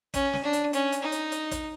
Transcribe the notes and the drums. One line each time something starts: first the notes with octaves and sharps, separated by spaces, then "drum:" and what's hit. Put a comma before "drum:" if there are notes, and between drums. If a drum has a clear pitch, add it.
C#4, drum: kick, hi-hat
drum: snare
D4
drum: hi-hat
C#4, drum: hi-hat
drum: hi-hat
D#4
drum: hi-hat
drum: hi-hat
drum: kick, hi-hat